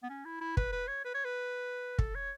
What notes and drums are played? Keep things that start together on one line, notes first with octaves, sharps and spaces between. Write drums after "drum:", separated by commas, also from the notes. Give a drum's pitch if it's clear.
B3
C#4
E4
E4
B4, drum: kick
B4
C#5
B4
C#5
B4
A4, drum: kick
C#5